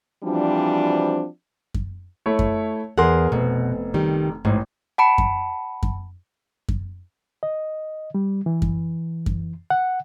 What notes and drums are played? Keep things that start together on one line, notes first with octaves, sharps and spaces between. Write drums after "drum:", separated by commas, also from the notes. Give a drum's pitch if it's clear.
E3 F3 G3 C4 D4 F#4
drum: kick F#2
A3 E4 C#5
drum: kick F#2
E2 G#4 A#4 F#5 C6
F1 B2
D#3 G3
A1 G#2
F#5 A5 B5 C#7
drum: kick F#2
drum: kick F#2
drum: kick F#2
D#5
G3
E3
drum: kick F#2
drum: kick F#2
F#5